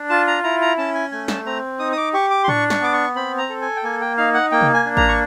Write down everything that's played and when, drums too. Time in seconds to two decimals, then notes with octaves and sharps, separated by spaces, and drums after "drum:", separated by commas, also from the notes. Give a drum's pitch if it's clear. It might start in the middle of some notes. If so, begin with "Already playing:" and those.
Already playing: D4
0.10 F4 A5
0.27 A#5
0.44 E4 A#5
0.61 A#5
0.78 C#4 A5
0.95 G#5
1.12 A3 G#5
1.28 A5, drum: snare
1.46 C4 A#5
1.79 D#4 D#6
1.92 D#6
1.97 D6
2.13 G4 C#6
2.31 D6
2.44 C6
2.48 D4 C#6, drum: tom A2
2.70 C#6, drum: snare
2.82 B3 D6
2.93 C#6
3.16 C4 B5
3.38 A#5
3.50 A4
3.61 G#5
3.76 G5
3.84 A#3 G#5
4.01 G5
4.17 D#4 F5
4.34 F#5
4.51 A#3 G5
4.61 drum: tom C3
4.74 G#5
4.85 D4
4.97 A#5, drum: kick A1
5.09 C#6